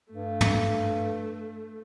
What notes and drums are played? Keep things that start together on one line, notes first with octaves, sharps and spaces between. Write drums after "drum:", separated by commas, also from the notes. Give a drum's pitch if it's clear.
G2 A3
drum: tom